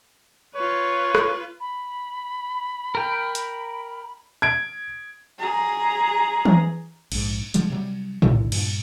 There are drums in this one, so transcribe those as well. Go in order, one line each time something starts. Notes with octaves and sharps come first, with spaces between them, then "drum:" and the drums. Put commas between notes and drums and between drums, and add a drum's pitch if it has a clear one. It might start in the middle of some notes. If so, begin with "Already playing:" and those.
F4 B4 C#5
drum: rim click
B5
A#4 G5
drum: hi-hat
G#6 D7
G#4 A#5
drum: tom E3
A#1 G#2, drum: cymbal
D3 F3 G3 G#3, drum: hi-hat
C3 F#3 G3
E1 B1 D3 D#3, drum: tom A2
G2 A#2, drum: cymbal